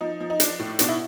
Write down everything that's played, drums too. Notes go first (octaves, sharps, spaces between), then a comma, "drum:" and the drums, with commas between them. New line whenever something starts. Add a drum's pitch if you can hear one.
F3 D#4
F3
D#4
F3 D4, drum: hi-hat
A2
B2 D4, drum: hi-hat
E4